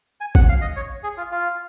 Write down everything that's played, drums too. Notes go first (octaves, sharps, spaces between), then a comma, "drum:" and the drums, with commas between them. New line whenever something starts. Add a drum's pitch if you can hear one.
G#5
F#5, drum: kick
F5
D#5
C#5
G#4
F4
F4